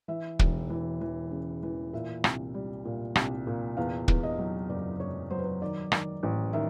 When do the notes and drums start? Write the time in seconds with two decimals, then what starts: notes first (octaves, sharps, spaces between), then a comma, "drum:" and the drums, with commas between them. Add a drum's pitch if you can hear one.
0.08 E3 E5
0.39 E1, drum: kick
0.70 E3
1.01 E3
1.31 C#3
1.63 E3
1.93 A#2 E5
2.24 C2, drum: rim click
2.54 G3
2.85 A#2
3.16 C2, drum: rim click
3.47 A#2
3.77 E2 F5
4.08 E2, drum: kick
4.23 D#5
4.38 F#3
4.69 F#1 D5
5.00 F#1 C#5
5.30 F#3 C5
5.39 B4
5.45 C5
5.62 D#3 D5
5.92 D#3 D5, drum: rim click
6.23 A1
6.53 D#3 E5